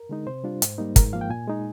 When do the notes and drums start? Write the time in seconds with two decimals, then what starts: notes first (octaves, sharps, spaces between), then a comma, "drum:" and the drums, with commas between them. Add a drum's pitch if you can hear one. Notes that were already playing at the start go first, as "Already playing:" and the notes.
Already playing: A#4
0.09 D3 G#3 D#4
0.27 C3 C5
0.44 G3 D4 F4
0.62 G#2, drum: hi-hat
0.78 G3 A#3 D#4
0.96 G#2 A#4, drum: kick, hi-hat
1.13 F3 A#3 F5
1.21 G5
1.30 A#2 G#5
1.48 G#3 D#4